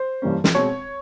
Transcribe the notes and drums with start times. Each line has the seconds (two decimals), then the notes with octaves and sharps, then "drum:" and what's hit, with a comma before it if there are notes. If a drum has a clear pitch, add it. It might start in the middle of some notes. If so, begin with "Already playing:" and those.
Already playing: C5
0.22 G2 E3 G3 A#3 C#4
0.44 drum: snare
0.55 B2 G#3 C4 C#5